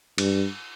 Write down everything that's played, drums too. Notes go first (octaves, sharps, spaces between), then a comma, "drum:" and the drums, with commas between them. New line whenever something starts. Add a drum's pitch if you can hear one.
G2, drum: cymbal